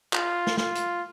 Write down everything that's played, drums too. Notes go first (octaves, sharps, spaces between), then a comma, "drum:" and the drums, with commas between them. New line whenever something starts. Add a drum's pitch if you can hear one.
F4, drum: clap
drum: snare
F4, drum: snare
drum: hi-hat